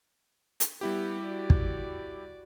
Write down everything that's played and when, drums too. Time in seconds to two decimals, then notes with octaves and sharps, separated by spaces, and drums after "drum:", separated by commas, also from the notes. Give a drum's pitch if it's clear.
0.60 drum: hi-hat
0.81 G3 B3 E4 G4
1.22 F#4 D5
1.50 drum: kick